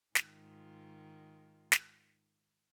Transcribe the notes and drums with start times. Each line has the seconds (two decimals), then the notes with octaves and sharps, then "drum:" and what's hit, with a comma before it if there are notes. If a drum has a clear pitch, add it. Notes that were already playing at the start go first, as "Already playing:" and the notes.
0.15 G#2 D#3 F4, drum: snare
1.72 drum: snare